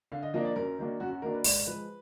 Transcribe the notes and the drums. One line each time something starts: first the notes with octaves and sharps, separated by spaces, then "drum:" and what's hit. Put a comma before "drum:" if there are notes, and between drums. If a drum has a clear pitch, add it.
D3 F5
D#5
F3 A#3 D4 D#5
D5
F#2 A#4
D#3 F#3 A#3 D4
F#2 F#4
F#4
D#3 F#3 A#3 D4 A#4
B4
G#2 D5, drum: open hi-hat
F3 G#3 B4